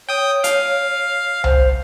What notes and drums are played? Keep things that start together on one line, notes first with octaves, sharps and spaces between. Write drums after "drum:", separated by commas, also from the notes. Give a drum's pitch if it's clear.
C#5 G5 D#6
F5, drum: hi-hat
C5, drum: tom C2